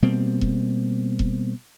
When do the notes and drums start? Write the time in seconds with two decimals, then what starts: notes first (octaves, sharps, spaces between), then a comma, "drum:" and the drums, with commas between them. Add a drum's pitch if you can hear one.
0.02 B2 G3 A#3 C4
0.41 drum: kick E1
1.19 drum: kick E1